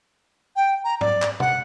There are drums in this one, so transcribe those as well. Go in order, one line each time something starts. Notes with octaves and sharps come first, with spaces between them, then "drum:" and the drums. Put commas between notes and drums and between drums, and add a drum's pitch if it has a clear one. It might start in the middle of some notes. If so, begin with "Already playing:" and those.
G5
A#5
D5, drum: tom G#2
drum: clap
F#5, drum: tom